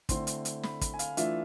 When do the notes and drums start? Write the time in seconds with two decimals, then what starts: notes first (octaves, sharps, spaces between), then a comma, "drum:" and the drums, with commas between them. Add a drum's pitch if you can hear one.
0.09 D3 A3 C4 E4 C6, drum: kick, hi-hat
0.27 drum: hi-hat
0.45 drum: hi-hat
0.63 B5, drum: snare
0.81 B5, drum: kick, hi-hat
0.94 G#5
0.99 F5, drum: hi-hat
1.17 E3 A3 D4 F4 E5, drum: hi-hat